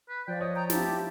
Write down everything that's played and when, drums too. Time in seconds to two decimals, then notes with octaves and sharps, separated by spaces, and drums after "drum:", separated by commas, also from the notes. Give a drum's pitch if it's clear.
0.09 B4
0.28 F3 D5 G5
0.41 C#5 D#5
0.55 G5 A#5
0.70 E4 F4 G4 A5, drum: snare